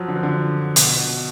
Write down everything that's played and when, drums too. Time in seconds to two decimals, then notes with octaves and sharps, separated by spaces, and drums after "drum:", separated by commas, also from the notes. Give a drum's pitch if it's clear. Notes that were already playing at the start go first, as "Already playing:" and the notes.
Already playing: F3 F#3
0.08 D3
0.16 F3
0.23 D3
0.76 B2, drum: hi-hat